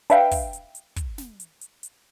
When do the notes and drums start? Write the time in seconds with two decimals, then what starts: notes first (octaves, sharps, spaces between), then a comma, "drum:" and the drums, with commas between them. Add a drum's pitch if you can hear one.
0.10 D4 B4 E5 F5 G5, drum: hi-hat
0.31 drum: kick, open hi-hat
0.53 drum: hi-hat
0.75 drum: hi-hat
0.96 drum: kick, hi-hat
1.18 drum: snare
1.40 drum: hi-hat
1.61 drum: hi-hat
1.83 drum: hi-hat